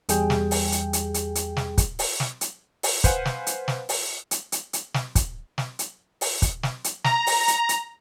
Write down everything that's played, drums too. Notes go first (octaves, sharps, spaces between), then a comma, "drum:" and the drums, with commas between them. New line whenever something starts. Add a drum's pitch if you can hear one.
E2 G3 G#4 G5, drum: hi-hat
drum: snare
drum: open hi-hat
drum: hi-hat
drum: hi-hat
drum: hi-hat
drum: hi-hat
drum: snare
drum: kick, hi-hat
drum: open hi-hat
drum: snare
drum: hi-hat
drum: open hi-hat
B4 C5 F5 F#5 G#5, drum: kick, hi-hat
drum: snare
drum: hi-hat
drum: snare
drum: open hi-hat
drum: hi-hat
drum: hi-hat
drum: hi-hat
drum: snare
drum: kick, hi-hat
drum: snare
drum: hi-hat
drum: open hi-hat
drum: kick, hi-hat
drum: snare
drum: hi-hat
A#5, drum: snare
drum: open hi-hat
drum: hi-hat
drum: hi-hat